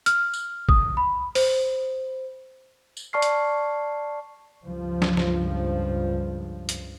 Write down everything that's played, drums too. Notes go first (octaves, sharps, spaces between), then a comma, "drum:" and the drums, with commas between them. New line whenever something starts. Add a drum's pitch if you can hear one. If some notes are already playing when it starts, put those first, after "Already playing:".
F6, drum: hi-hat
drum: tambourine
D#6, drum: kick
B5
C5, drum: open hi-hat
drum: tambourine
D5 A5 C#6 F6 C7
drum: hi-hat
C#2 G2 F3
drum: snare
drum: snare
drum: hi-hat